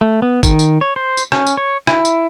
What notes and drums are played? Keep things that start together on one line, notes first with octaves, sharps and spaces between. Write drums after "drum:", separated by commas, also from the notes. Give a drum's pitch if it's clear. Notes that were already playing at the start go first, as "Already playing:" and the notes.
A3
B3
D#3, drum: kick, tambourine
drum: tambourine
C#5
C5
drum: tambourine
C#4, drum: rim click
drum: tambourine
C#5
E4, drum: rim click
drum: tambourine